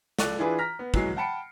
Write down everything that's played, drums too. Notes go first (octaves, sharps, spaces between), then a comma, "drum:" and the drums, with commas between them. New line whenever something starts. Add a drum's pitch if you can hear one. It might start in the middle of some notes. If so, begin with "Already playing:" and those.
C#2 A4 D5 F#6, drum: snare
E3 D4 E4 F4 G#4 B4
A#5 F6 A#6 B6
B3
E3 F#3 G#3 C7, drum: kick
F#5 G5 A5 B5 C#7 D7